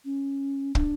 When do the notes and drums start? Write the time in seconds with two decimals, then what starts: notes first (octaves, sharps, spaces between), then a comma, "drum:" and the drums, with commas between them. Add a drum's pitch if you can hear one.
0.05 C#4
0.75 D4, drum: kick